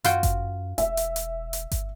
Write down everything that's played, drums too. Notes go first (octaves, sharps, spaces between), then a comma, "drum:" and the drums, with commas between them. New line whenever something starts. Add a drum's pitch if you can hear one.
F#2 F4 F#4 G5, drum: hi-hat
drum: kick G1, hi-hat
E1 E5, drum: hi-hat
drum: hi-hat
drum: hi-hat
drum: hi-hat
drum: kick G1, hi-hat